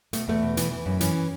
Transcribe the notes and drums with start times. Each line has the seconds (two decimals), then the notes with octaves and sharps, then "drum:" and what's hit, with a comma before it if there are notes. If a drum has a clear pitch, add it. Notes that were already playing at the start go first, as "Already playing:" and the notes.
0.13 B2 A3, drum: hi-hat
0.28 E2 A3
0.43 B2
0.57 E3, drum: hi-hat
0.71 E3
0.86 F#2
1.01 E3 C#4, drum: hi-hat